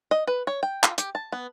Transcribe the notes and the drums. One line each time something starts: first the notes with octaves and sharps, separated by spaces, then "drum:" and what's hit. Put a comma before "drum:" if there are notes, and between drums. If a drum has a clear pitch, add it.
D#5
B4
C#5
G5
F4, drum: clap
G4, drum: hi-hat
A5
B3